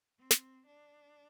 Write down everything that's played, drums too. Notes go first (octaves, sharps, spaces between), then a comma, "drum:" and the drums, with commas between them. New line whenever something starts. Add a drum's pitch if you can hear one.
C4
drum: snare
D4